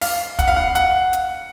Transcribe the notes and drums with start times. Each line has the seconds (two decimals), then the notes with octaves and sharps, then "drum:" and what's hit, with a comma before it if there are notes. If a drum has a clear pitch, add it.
0.01 F5, drum: open hi-hat
0.39 F#5, drum: kick, hi-hat
0.48 F5
0.56 F#5
0.75 F#5, drum: hi-hat
1.13 drum: hi-hat